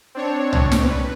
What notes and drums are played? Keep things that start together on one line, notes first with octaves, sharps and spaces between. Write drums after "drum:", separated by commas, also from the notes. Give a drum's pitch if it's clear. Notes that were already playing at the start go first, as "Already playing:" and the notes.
C4 D4 C#5
drum: tom
drum: snare
B4